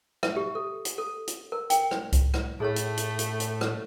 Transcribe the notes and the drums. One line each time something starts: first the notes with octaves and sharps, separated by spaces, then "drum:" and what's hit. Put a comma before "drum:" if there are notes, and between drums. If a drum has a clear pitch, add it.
E5, drum: rim click
G4
A4
drum: hi-hat
A4
drum: hi-hat
A#4
G5, drum: hi-hat
drum: rim click
drum: kick C2, hi-hat
drum: rim click
A2 A3 G#4 C#5 A5
drum: hi-hat
drum: hi-hat
drum: hi-hat
drum: hi-hat
drum: rim click